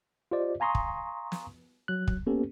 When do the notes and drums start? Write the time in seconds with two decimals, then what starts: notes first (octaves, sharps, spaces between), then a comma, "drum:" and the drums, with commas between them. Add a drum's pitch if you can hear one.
0.31 F4 G4 C5 D5 D#5
0.60 F5 G#5 A#5 C6 C#6 D#6
0.75 drum: kick
1.32 drum: snare
1.88 F#3 F#6
2.08 drum: kick
2.27 A#3 B3 C#4 G4 A4 B4